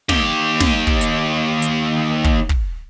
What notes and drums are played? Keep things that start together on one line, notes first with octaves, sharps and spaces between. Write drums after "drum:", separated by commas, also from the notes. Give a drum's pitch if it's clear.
D#2 G4, drum: snare
drum: snare
drum: kick
drum: hi-hat
drum: hi-hat
drum: kick
drum: kick